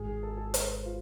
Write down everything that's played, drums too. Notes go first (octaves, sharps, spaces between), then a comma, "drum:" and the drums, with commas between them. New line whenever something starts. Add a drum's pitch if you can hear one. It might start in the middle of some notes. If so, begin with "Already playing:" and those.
Already playing: G#1 G#2 G#3 G#4
A4
A4
B4, drum: hi-hat
C5
F4